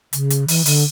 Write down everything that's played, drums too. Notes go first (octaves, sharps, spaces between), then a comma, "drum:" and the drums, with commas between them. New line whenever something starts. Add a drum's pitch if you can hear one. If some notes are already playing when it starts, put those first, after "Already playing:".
C#3, drum: hi-hat
drum: hi-hat
E3, drum: open hi-hat
D3, drum: open hi-hat